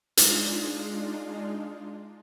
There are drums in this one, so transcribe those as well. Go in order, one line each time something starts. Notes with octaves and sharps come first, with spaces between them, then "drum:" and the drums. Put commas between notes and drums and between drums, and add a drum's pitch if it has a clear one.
G#3 D4 D#4 F4, drum: hi-hat